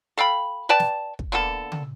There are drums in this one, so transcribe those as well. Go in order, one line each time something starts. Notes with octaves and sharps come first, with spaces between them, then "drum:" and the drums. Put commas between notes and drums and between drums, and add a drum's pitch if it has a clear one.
A4 F5 G5 B5
B4 D5 G5 A5
drum: snare
drum: kick
D3 A#3 B3 A4
drum: tom C#3